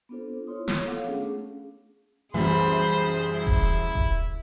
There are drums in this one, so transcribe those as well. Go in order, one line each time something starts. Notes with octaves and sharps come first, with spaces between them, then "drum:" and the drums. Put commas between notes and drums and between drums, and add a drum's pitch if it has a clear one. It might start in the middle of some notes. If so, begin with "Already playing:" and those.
B3 C4 D4 F4 A4 C5
E4 F4 C#5 C6 D#6
C#5, drum: snare
B3 F4 A4 F5 F#5 D6
A3 C#4 D4 G#4
C2 F#2 E3 G3 G#4 C5 B5
E4
drum: kick D#1
drum: kick D#1